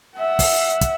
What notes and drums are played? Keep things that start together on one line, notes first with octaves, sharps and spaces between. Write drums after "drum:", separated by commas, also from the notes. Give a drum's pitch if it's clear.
E5 F#5
drum: kick, open hi-hat
drum: kick, hi-hat